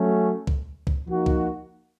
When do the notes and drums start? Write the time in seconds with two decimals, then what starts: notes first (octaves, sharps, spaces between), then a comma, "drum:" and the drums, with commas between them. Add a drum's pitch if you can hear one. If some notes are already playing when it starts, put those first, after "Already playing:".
Already playing: F#3 A3 C#4
0.47 drum: kick
0.87 drum: kick
1.06 F3 A#3 D#4 F#4
1.26 drum: kick